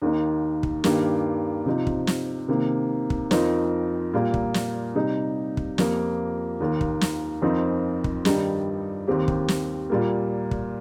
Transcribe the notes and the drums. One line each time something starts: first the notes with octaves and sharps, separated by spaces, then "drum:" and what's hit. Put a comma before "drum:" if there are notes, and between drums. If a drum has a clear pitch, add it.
D#2 D#3 A#3 D#4
drum: kick
G2 D#3 A#3 G4, drum: snare
C3 F3 D#4
drum: kick
drum: snare
C3 D#3 A#3
drum: kick
F2 F3 C4 D#4 A#4, drum: snare
A#2 G3 A#3
drum: kick
drum: snare
C3 G3 D#4
drum: kick
F2 F3 A#3 G4 A#4, drum: snare
D#2 D#3 A#3
drum: kick
drum: snare
F2 F3 C4 D#4 A#4
drum: kick
G2 D#3 G3 D#4, drum: snare
D#2 D#3 C4 G4
drum: kick
drum: snare
A#2 G3 A#3
drum: kick